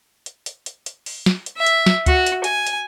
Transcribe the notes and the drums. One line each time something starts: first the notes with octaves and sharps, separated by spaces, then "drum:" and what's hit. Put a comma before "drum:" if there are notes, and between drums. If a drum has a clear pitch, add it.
drum: hi-hat
drum: hi-hat
drum: hi-hat
drum: hi-hat
drum: open hi-hat
drum: snare
drum: hi-hat
E5
drum: hi-hat
drum: snare
F#4, drum: kick C#2, hi-hat
drum: hi-hat
G#5, drum: hi-hat
drum: hi-hat